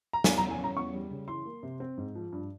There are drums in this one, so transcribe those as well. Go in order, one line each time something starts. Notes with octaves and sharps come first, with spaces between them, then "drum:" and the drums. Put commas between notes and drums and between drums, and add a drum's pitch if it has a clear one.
A#5
E2 G#5, drum: snare
A#5
C#4
G#5
C#4 A#5
E2 C#6
G3
C#3
E3 C6
A#3
C3
C4
G#2
F3
G2